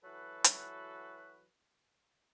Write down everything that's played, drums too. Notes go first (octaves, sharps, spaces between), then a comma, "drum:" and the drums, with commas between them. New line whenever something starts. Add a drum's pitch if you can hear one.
E3 F#3 F#4 A4 B4
drum: hi-hat